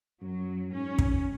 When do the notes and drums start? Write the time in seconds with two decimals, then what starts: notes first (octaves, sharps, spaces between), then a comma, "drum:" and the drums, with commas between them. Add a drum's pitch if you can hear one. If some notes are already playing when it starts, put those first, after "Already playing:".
0.21 F#2 F#3
0.73 G#2 C#4
0.99 drum: kick